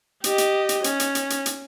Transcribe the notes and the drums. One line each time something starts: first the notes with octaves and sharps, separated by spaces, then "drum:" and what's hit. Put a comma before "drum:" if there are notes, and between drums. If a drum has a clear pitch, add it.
G4 D#5, drum: hi-hat
drum: hi-hat
drum: hi-hat
C#4, drum: hi-hat
drum: hi-hat
drum: hi-hat
drum: hi-hat
drum: hi-hat